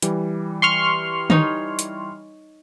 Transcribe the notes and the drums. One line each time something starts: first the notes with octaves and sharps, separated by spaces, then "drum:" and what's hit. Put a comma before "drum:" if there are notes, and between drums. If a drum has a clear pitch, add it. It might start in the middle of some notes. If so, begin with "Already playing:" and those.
E3 G3, drum: hi-hat
C6 C#6 F6
D#4 C#5, drum: tom D3
drum: hi-hat